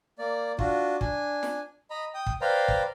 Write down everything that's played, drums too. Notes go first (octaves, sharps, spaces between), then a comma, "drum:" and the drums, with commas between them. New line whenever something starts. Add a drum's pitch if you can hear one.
A#3 D5
D4 F4 F#4, drum: kick
D4 G#5, drum: kick
drum: snare
D#5 A#5 B5
G5 D#6
drum: kick
B4 C5 D5 F5 G5 A#5
drum: kick